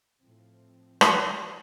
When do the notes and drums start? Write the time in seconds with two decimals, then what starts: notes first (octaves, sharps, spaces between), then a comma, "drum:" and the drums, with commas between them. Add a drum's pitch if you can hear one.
0.21 A2 F3 C4
1.01 drum: rim click